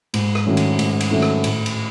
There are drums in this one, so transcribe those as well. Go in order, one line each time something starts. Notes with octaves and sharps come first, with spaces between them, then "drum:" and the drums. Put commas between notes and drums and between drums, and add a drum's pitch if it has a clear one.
G#2, drum: cymbal
drum: rim click
D#3 F#3 A3 C#4
drum: cymbal
G#2, drum: cymbal
drum: cymbal
D#3 F#3 A3 C#4
drum: rim click
A2, drum: cymbal
drum: cymbal